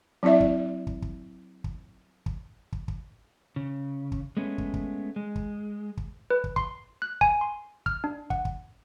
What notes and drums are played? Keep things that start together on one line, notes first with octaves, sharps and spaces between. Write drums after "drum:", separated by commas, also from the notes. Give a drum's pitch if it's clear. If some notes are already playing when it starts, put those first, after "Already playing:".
F#3 C4 E4 D5 E5
drum: kick
drum: kick
drum: kick
drum: kick
drum: kick
drum: kick
drum: kick
C#3
drum: kick
G#3 A3 B3 C#4
drum: kick
drum: kick
G#3
drum: kick
drum: kick
B4
drum: kick
C6, drum: kick
F#6
G#5, drum: kick
C6
F6, drum: kick
D4
F#5, drum: kick
drum: kick